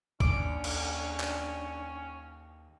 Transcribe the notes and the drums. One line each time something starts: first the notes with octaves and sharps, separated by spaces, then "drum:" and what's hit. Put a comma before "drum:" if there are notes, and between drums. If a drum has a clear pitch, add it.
D#2 C#4 D4 D6, drum: kick A#1
drum: cymbal
drum: clap